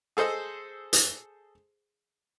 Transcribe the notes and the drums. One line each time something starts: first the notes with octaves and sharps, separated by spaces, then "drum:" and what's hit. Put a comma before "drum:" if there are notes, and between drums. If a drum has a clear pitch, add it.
G#4 A4 C5 D#5 E6
drum: hi-hat